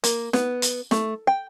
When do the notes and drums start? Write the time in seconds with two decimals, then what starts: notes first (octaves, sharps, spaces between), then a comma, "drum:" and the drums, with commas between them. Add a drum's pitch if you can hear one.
0.04 A#3, drum: hi-hat
0.33 B3, drum: snare
0.62 drum: hi-hat
0.91 A3, drum: snare
1.27 G5